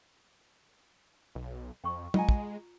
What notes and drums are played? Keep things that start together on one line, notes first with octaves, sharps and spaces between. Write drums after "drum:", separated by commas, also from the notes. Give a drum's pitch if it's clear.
B1
F2 G5 C#6
G#3 F4 D#5 F#5 G#5 A#5, drum: tom
drum: kick